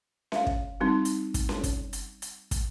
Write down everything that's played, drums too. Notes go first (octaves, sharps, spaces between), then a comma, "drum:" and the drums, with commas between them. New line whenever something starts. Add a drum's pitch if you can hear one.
E5 F5, drum: snare C#4
drum: kick
G3 C4 D#4
drum: hi-hat
drum: kick, hi-hat
drum: snare C#4
drum: kick, hi-hat
drum: hi-hat
drum: hi-hat
drum: kick, hi-hat